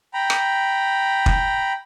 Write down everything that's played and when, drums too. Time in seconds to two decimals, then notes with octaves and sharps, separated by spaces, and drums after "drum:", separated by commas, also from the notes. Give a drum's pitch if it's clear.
0.14 G5 A#5 B5
0.30 drum: rim click
1.26 drum: kick